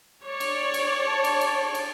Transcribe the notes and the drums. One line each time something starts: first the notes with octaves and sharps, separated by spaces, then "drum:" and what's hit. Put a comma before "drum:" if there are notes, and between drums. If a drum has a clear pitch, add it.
C#5 D5
drum: cymbal
drum: cymbal
A5
drum: cymbal
drum: cymbal
drum: cymbal